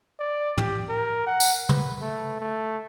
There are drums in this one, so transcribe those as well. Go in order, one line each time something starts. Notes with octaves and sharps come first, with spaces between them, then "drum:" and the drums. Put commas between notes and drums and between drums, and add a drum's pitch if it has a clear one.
D5
G4, drum: tom
A#4
F#5
drum: tambourine
B4, drum: tom
A3
A3